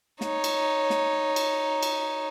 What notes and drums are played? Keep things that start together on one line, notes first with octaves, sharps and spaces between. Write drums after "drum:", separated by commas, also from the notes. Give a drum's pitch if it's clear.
D#4 C#5, drum: snare
drum: cymbal
drum: snare
drum: cymbal
drum: cymbal